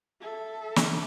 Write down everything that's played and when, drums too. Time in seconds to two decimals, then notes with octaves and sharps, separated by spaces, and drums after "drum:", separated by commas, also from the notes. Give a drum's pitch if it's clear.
0.21 A4 E5
0.76 drum: snare